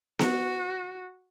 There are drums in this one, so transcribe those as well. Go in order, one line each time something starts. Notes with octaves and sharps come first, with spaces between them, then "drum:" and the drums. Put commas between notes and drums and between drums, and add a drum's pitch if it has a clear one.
F#4, drum: snare B3